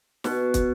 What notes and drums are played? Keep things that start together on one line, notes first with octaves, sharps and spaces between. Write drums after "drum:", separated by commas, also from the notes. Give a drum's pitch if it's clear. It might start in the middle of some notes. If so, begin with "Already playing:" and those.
B2, drum: snare
drum: kick, hi-hat